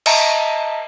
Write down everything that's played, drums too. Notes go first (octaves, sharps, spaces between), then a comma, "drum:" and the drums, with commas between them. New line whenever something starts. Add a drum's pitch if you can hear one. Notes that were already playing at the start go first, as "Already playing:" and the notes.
D#5 E5 A5 A#5, drum: cymbal